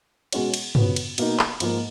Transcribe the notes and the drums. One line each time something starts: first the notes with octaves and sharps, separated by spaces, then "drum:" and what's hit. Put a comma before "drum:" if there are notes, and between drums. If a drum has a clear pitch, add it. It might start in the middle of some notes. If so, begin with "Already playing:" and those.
B2 G#3 C#4 F#4 C#5, drum: cymbal
drum: cymbal
C#3 F3 B3 F#4, drum: tom
drum: cymbal
B2 A#3 D#4, drum: cymbal
drum: clap
G#2 F3 A#3, drum: cymbal